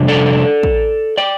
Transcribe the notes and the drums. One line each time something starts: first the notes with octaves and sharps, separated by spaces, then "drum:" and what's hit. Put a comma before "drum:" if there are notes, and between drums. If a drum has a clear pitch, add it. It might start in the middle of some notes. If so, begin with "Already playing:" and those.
Already playing: F2 C3 G3 D4
A4 D5
drum: kick
D5 G5